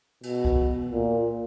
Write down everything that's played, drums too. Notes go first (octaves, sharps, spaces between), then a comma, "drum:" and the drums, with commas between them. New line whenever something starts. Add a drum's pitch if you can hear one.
B2, drum: cymbal
drum: kick C2
A#2